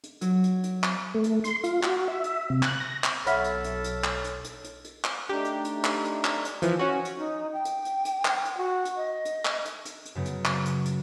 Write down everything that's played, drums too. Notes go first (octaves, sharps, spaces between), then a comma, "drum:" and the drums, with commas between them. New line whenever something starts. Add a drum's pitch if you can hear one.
drum: hi-hat
F#3, drum: hi-hat
drum: hi-hat
drum: hi-hat
drum: clap
A3
drum: hi-hat
C6, drum: hi-hat
F4, drum: hi-hat
F#4, drum: clap
E5
drum: hi-hat
C3
F#6, drum: clap
A#6
drum: clap
B1 A4 C#5 E5 F#5 B5 F6 B6, drum: hi-hat
drum: hi-hat
drum: hi-hat
drum: hi-hat
drum: clap
drum: hi-hat
drum: hi-hat
drum: hi-hat
drum: hi-hat
drum: clap
A3 D4 D#4 G4
drum: hi-hat
drum: hi-hat
drum: clap
drum: hi-hat
drum: clap
drum: hi-hat
E3 F3, drum: hi-hat
C#4 F#4
drum: hi-hat
D#4
G5
drum: hi-hat
drum: hi-hat
drum: hi-hat
drum: clap
drum: hi-hat
F#4
drum: hi-hat
D#5
drum: hi-hat
drum: clap
drum: hi-hat
drum: hi-hat
drum: hi-hat
F#2 C#3 B3
drum: hi-hat
drum: clap
drum: hi-hat
drum: hi-hat